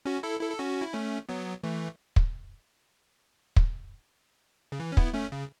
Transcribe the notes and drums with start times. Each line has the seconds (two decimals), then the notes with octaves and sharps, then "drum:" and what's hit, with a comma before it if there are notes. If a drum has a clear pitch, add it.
0.05 C#4 F#4
0.23 E4 A4
0.41 E4 A4
0.51 A4
0.59 C#4 F#4
0.81 E4
0.93 A3 C#4
1.29 F#3 B3
1.63 E3 A3
2.16 drum: kick
3.56 drum: kick
4.72 C#3
4.80 E3
4.92 C#4
4.97 B3 E4, drum: kick
5.14 A3 C#4
5.32 C#3